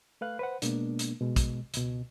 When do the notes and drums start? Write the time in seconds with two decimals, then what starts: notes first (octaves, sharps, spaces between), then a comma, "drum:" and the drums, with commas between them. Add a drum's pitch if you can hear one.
0.21 A3 B4 F5 F#6
0.39 B4 C5 F#5
0.62 B2 G#3 A#3 B3 D4, drum: hi-hat
0.99 drum: hi-hat
1.21 B2 G#3
1.36 drum: kick, hi-hat
1.74 C#2 B2, drum: hi-hat